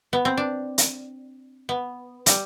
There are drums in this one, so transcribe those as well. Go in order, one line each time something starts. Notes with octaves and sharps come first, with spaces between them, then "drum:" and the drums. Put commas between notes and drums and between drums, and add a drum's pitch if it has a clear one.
B3
C4
D4
drum: hi-hat
B3
G3, drum: hi-hat